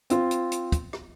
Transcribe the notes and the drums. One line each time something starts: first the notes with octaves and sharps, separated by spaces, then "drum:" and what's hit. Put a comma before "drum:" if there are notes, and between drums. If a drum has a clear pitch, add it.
C4 F4, drum: hi-hat
drum: hi-hat
drum: hi-hat
drum: kick, hi-hat
drum: rim click